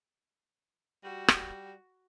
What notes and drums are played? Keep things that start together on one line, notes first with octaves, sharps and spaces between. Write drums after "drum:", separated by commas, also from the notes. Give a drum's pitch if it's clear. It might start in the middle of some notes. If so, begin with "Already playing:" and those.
G3 F#4
drum: rim click